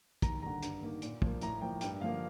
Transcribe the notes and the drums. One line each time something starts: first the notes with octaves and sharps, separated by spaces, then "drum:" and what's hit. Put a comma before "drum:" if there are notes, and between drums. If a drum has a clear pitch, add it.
D#2 A#5, drum: kick, hi-hat
D3 G3 A#5
G2, drum: hi-hat
D#3 A#3
A#2, drum: hi-hat
F3 A#3, drum: kick
A2 A#5, drum: hi-hat
F3 A#3 G5
G2 G5, drum: hi-hat
D3 F3 A#3 F5